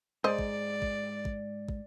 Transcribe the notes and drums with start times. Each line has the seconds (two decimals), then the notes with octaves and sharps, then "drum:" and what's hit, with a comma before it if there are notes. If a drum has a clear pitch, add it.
0.24 G#2 C5 D5 D#5
0.39 drum: kick
0.82 drum: kick
1.25 drum: kick
1.69 drum: kick